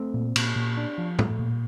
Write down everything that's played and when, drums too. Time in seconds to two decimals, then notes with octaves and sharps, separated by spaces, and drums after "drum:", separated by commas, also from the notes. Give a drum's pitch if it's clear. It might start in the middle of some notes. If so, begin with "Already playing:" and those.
Already playing: A3 C4
0.14 A#2
0.36 A#2, drum: cymbal
0.56 A#2
0.77 D4
0.98 F3
1.19 A3, drum: tom A2
1.39 A#2